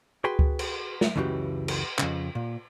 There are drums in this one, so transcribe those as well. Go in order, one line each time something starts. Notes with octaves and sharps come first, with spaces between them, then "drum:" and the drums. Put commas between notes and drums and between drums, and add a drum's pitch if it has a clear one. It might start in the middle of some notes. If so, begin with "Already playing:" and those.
F#4 G#4 B4 G5 C6
drum: kick C#2
drum: cymbal
drum: snare
C#2 F#2 C#3 E3 F#4 G4
drum: cymbal
F2 C#3, drum: clap
A#2